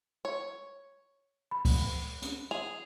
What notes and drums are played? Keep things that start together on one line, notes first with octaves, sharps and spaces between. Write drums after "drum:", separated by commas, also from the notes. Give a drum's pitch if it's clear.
C#5
B5
drum: kick C#2, open hi-hat
drum: hi-hat
G#4 F7